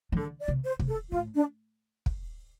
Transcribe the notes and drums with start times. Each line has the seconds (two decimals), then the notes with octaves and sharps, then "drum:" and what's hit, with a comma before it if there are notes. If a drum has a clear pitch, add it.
0.12 F3
0.16 D3 A4
0.41 D5
0.48 C3
0.64 C5
0.79 C3, drum: kick
0.87 A4
1.11 A2 F4
1.35 D4
2.06 drum: kick